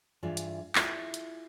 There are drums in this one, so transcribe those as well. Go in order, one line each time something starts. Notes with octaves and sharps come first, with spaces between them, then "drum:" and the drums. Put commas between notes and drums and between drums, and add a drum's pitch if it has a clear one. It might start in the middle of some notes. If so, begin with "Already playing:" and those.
G2 E3 F4 G#4 D5 E5
drum: hi-hat
E4 F4 G#4, drum: clap
drum: hi-hat